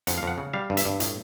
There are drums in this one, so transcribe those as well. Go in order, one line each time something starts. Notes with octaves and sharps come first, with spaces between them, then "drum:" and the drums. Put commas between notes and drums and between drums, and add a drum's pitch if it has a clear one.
F2 F#5, drum: hi-hat
F5
F2 F#5
C#3
G3 F5
G2
E5, drum: hi-hat
G2
A2, drum: hi-hat